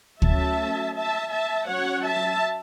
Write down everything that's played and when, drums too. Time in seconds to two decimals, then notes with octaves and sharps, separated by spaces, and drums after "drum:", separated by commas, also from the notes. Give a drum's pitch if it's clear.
0.22 F#3 A3 C#4 E5 A5, drum: kick
0.96 E5 A5
1.32 E5 A5
1.69 F#3 C#4 C#5 F#5
2.06 E5 A5